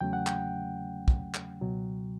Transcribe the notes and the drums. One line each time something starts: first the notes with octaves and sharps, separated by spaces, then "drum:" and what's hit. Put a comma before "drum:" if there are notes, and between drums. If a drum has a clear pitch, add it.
E2 C#3 F#3 A3 C#4 G5
F#5
G5, drum: clap
drum: kick
drum: clap
C#2 B2 F#3